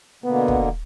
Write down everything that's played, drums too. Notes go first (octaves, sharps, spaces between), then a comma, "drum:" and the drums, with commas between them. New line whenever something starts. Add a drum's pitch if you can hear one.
B2 D3 A#3 B3
drum: kick